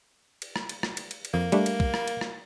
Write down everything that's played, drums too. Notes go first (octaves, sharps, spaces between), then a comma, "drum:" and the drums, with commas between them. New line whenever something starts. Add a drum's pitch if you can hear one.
drum: cymbal
drum: rim click
drum: cymbal
drum: rim click
drum: cymbal
drum: cymbal
drum: cymbal
F2 A#3
G3 A3 D4, drum: cymbal
drum: cymbal
drum: kick
drum: rim click
drum: cymbal
drum: rim click